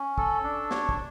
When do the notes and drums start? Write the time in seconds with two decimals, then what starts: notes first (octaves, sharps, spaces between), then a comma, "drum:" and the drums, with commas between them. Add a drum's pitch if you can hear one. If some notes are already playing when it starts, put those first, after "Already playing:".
Already playing: C#4
0.18 A4, drum: kick
0.44 D4
0.71 C#5, drum: snare
0.89 drum: kick